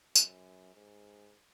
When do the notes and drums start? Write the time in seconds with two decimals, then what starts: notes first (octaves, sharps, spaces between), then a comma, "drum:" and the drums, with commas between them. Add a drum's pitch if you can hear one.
0.16 F#2, drum: tambourine
0.75 G#2